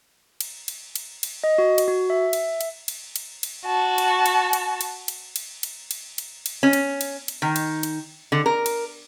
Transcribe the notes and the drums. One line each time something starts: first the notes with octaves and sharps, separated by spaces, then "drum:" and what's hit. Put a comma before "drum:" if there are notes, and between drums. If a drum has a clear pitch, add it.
drum: cymbal
drum: cymbal
drum: cymbal
drum: cymbal
D#5
F#4
drum: cymbal
F#4
E5
drum: cymbal
drum: cymbal
drum: cymbal
drum: cymbal
drum: cymbal
F#4 A5
drum: cymbal
drum: cymbal
drum: cymbal
drum: cymbal
drum: cymbal
drum: cymbal
drum: cymbal
drum: cymbal
drum: cymbal
drum: cymbal
C#4
drum: cymbal
drum: cymbal
drum: cymbal
D#3
drum: cymbal
drum: cymbal
D3
A#4
drum: cymbal